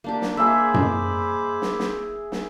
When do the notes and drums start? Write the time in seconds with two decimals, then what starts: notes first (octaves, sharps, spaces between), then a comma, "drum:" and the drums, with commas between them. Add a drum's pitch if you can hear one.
0.04 A#3 D4 G4
0.22 drum: snare
0.37 A#3 G#4 C5 E5 B5 D6
0.74 drum: tom F#2
1.62 drum: snare
1.79 drum: snare
2.32 drum: snare